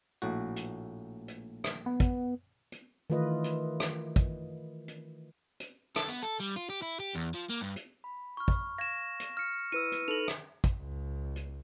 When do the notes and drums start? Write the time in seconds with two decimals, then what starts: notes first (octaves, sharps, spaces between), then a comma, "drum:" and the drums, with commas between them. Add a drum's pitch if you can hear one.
0.22 A#1 A2 F#4
0.56 drum: hi-hat
1.28 drum: hi-hat
1.64 drum: rim click
1.86 B3
2.00 drum: kick, hi-hat
2.72 drum: hi-hat
3.10 D#3 E3 A3 F4 B4 D#5
3.44 drum: hi-hat
3.80 drum: rim click
4.16 drum: kick, hi-hat
4.88 drum: hi-hat
5.60 drum: hi-hat
5.96 A4, drum: rim click
6.09 B3
6.23 A4
6.40 G3
6.56 F4
6.70 G4
6.82 E4
7.00 G4
7.15 E2
7.34 F3
7.49 A#3
7.61 G2
7.76 drum: hi-hat
8.04 B5
8.37 C#6 F6
8.48 drum: kick
8.78 F5 G#6 A#6 E7
9.20 drum: hi-hat
9.37 F6 C#7
9.72 E4 B4 E6 D#7
9.92 drum: hi-hat
10.08 D#4 A4 B4 F7 F#7
10.28 drum: rim click
10.64 drum: kick, hi-hat
10.77 C#2
11.36 drum: hi-hat